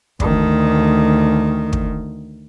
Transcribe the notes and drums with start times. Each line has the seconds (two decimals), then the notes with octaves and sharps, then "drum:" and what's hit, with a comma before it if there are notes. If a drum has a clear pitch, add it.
0.20 D2 D#3, drum: kick
1.73 drum: kick